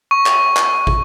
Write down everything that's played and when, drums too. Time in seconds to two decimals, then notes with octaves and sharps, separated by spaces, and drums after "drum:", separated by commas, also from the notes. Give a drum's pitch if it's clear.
0.11 C#6
0.26 drum: clap
0.57 drum: clap
0.87 drum: kick